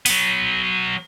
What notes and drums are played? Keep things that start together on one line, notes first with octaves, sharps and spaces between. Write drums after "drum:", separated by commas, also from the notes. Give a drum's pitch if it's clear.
F#3 B3, drum: open hi-hat